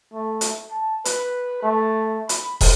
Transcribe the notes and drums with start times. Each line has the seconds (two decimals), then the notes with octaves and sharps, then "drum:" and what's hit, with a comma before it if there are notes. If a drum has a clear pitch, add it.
0.14 A3
0.41 drum: hi-hat
0.71 A5
1.05 B4, drum: hi-hat
1.63 A3
2.29 B5, drum: hi-hat
2.61 drum: kick, open hi-hat